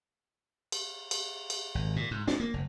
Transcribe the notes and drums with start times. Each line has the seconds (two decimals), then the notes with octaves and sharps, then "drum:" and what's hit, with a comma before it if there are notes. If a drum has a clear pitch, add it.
0.72 drum: cymbal
1.11 drum: cymbal
1.50 drum: cymbal
1.75 G#1
1.96 A#2
2.11 G#2
2.27 D4, drum: snare
2.40 A#3
2.54 F#1